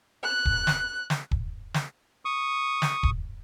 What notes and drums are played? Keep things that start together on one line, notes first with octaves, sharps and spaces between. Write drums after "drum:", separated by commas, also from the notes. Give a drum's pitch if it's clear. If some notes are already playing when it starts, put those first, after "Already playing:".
F#6
drum: kick
drum: snare
drum: snare
drum: kick
drum: snare
C#6 D#6
drum: snare
drum: kick